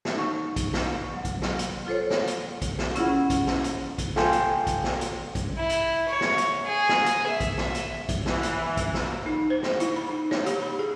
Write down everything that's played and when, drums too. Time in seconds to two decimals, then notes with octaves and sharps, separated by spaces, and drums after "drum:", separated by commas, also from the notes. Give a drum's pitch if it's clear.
0.05 drum: snare
0.15 D#4 C#6
0.56 drum: kick, hi-hat
0.73 drum: snare
1.14 F#3
1.25 drum: kick, hi-hat
1.42 drum: snare
1.59 drum: hi-hat
1.87 F4 A4 C5 C#5
2.10 drum: snare
2.27 drum: hi-hat
2.62 drum: kick, hi-hat
2.79 drum: snare
2.96 C#4 E4 F4 G#4 F#5 B5, drum: hi-hat
3.30 drum: kick, hi-hat
3.47 drum: snare
3.64 drum: hi-hat
3.98 drum: kick, hi-hat
4.16 F4 A4 G5 G#5 C6, drum: snare
4.33 drum: hi-hat
4.67 drum: kick, hi-hat
4.84 drum: snare
5.01 drum: hi-hat
5.35 drum: kick, hi-hat
5.57 E4
5.69 drum: hi-hat
6.09 C#5
6.21 drum: snare
6.38 drum: hi-hat
6.66 G#4
6.89 drum: snare
7.06 drum: hi-hat
7.27 E5
7.40 drum: kick, hi-hat
7.57 drum: snare
7.75 drum: hi-hat
8.09 drum: kick, hi-hat
8.26 E3, drum: snare
8.43 drum: hi-hat
8.77 drum: kick, hi-hat
8.94 drum: snare
9.26 D#4
9.50 C5
9.63 drum: snare
9.80 E4, drum: hi-hat
9.96 B5
10.09 D#4
10.31 C#5, drum: snare
10.46 G4, drum: hi-hat
10.62 B5
10.79 G#4